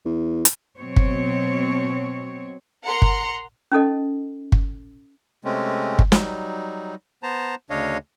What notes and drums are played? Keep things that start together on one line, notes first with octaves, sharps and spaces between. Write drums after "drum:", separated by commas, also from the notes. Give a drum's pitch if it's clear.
E2
drum: hi-hat
B2 F#3 C4 C#5
drum: kick
A#4 F#5 A#5 C6 C#7
drum: kick
C#4 D#4 A4 D#5
drum: kick
C3 G#3 A3 C4 C#4
drum: kick
F#3 G3 D#4, drum: snare
B3 C5 A5 A#5
D2 C#3 D4 C#5 D#5 F5